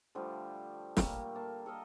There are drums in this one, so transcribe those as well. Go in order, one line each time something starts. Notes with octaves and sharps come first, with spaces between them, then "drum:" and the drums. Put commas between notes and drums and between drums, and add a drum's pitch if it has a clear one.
D3 F3 G3 A3
A#2 G3 A3 A#3, drum: snare
A#3 A5
A4 A#4 D#5